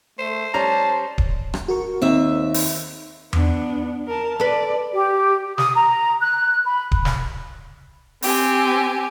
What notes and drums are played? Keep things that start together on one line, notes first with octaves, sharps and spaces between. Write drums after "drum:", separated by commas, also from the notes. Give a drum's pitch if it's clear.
A3 C5
G3 C#4 A5 A#5
drum: kick D1
drum: rim click
F#4 A#4 C#6
D#2 C4 E5
drum: open hi-hat
B3 D4, drum: tom E2
A#4 A5
A4 B4 D5
G4
D#6, drum: snare
A#5
F#6
B5
drum: kick D1
drum: snare
C4 G4 G#5, drum: open hi-hat